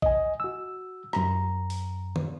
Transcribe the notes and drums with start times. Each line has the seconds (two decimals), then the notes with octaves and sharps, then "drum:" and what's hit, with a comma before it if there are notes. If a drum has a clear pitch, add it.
0.02 D#5 G#5, drum: kick
0.40 F#4 E6
1.13 F#2 A#5, drum: rim click
1.70 drum: open hi-hat
2.16 drum: tom